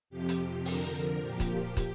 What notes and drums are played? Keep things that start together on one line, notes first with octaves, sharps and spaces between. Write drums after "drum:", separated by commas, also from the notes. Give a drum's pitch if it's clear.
F2 C3 F3 G4
drum: hi-hat
F2 D3 F3 A#4, drum: open hi-hat
A#2 F3 G4
drum: kick, hi-hat
drum: kick, hi-hat